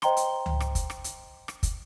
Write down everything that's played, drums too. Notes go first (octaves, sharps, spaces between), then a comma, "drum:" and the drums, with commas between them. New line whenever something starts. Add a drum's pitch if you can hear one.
C5 D#5 G5 A#5 C6 G7, drum: rim click
drum: hi-hat
drum: tom C#2
drum: rim click
drum: kick, hi-hat
drum: rim click
drum: hi-hat
drum: rim click
drum: kick, hi-hat